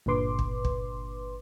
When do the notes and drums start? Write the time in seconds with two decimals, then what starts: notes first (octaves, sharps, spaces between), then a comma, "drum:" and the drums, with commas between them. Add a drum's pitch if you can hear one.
0.06 G1 A#2 D3 B4 C6 D6
0.39 drum: kick
0.65 drum: kick